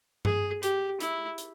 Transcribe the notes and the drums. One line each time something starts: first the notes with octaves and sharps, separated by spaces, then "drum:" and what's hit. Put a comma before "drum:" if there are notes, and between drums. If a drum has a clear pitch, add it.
G#4, drum: tom G2
G4, drum: hi-hat
E4, drum: hi-hat
drum: hi-hat